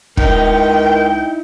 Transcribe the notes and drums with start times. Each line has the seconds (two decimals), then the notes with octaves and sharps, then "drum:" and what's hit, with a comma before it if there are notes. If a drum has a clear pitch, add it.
0.17 C#2 D#4 E4 A#4 D#5 G5, drum: kick